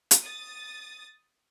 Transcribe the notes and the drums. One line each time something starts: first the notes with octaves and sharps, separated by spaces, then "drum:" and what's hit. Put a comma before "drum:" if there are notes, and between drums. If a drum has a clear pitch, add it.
drum: hi-hat
D#6 A6